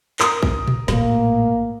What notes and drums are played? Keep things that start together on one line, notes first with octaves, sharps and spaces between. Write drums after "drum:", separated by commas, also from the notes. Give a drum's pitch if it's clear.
A#4 D#6, drum: clap
drum: kick
drum: tom A#2
A#1 A2 A#3, drum: snare